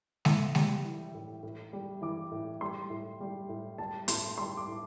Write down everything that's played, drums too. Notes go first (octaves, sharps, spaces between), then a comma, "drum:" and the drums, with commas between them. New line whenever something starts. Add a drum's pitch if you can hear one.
A2 E6, drum: snare G#3
G3, drum: snare G#3
E3
A2
A2
G3
E3 D6
A2
G3 C6
A2
G3
A2
G3 A5
A2 C6, drum: hi-hat
G3 C6
D6
A2